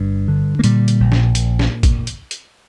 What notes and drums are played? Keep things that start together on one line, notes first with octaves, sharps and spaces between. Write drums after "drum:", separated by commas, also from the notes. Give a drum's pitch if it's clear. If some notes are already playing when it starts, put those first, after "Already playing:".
Already playing: G1 G2
D3
A#3
A#2 G3, drum: hi-hat
drum: hi-hat
A#1
drum: snare
A#2, drum: hi-hat
drum: snare
drum: kick, hi-hat
drum: hi-hat
drum: hi-hat